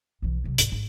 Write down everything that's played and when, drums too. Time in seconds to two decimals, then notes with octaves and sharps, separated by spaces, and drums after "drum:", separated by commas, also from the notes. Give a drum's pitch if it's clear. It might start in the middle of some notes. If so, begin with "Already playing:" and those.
0.22 B1 E3
0.44 C3 F#3
0.58 G#2 G3, drum: hi-hat
0.72 G#1